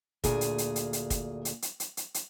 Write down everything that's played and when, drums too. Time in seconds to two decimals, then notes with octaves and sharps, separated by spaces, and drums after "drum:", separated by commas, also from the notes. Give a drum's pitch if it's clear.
0.24 D2 A#2 G#4, drum: kick, hi-hat
0.41 drum: hi-hat
0.58 drum: hi-hat
0.76 drum: hi-hat
0.93 drum: hi-hat
1.10 drum: kick, hi-hat
1.45 drum: hi-hat
1.62 drum: hi-hat
1.80 drum: hi-hat
1.97 drum: hi-hat
2.14 drum: hi-hat